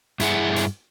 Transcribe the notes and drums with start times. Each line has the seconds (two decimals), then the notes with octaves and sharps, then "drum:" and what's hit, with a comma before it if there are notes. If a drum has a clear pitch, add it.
0.20 G2 E4 G#4 F#5, drum: hi-hat
0.56 drum: hi-hat